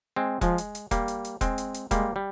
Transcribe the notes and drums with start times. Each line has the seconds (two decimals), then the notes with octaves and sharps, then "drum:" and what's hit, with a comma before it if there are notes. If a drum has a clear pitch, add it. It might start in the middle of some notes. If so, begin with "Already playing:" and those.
0.16 G#3 C4
0.41 F3 G#3, drum: kick E1, hi-hat
0.58 drum: hi-hat
0.75 drum: hi-hat
0.91 G3 A#3, drum: kick E1, hi-hat
1.08 drum: hi-hat
1.25 drum: hi-hat
1.41 G#3 C4, drum: kick E1, hi-hat
1.58 drum: hi-hat
1.74 drum: hi-hat
1.91 G3 G#3 A#3, drum: kick E1, hi-hat
2.16 G3